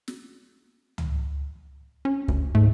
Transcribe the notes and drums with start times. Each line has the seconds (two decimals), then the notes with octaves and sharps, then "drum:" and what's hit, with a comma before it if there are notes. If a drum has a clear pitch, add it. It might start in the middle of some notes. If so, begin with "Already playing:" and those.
0.08 drum: snare
0.98 drum: tom C#2
2.05 C#4
2.28 D2, drum: kick
2.55 G#2 A3